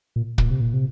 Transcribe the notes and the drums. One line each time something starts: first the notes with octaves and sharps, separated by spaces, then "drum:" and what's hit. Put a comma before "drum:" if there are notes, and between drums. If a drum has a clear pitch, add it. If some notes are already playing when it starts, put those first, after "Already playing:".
A#2
A#2, drum: kick
C3
A#2
C3